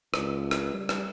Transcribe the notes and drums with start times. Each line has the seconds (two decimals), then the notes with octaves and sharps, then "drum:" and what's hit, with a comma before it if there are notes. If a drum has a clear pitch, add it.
0.14 C#2, drum: rim click
0.51 drum: rim click
0.74 G3
0.89 drum: rim click